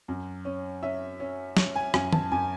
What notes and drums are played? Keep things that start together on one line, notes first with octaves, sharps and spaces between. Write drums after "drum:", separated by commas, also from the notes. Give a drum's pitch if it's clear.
F#2
C#4
C#4 E5
C#4
C#4, drum: snare
G#5
F#2 G#5, drum: rim click
A5, drum: tom D#3
F#2 G#5